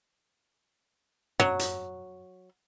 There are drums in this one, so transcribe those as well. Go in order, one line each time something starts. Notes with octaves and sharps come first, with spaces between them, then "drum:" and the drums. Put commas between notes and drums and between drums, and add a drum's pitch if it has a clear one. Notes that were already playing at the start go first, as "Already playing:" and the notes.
F#3, drum: tom
drum: hi-hat